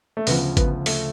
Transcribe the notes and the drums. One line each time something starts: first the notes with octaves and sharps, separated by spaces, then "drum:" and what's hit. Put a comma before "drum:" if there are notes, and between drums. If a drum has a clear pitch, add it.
A3
D2 C#3 F3 B3, drum: open hi-hat
B3, drum: kick G#1, hi-hat
A3, drum: open hi-hat